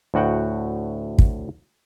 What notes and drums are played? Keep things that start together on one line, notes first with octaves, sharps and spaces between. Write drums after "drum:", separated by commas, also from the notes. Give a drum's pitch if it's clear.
D2 A2 F#4 F#5 G5
drum: kick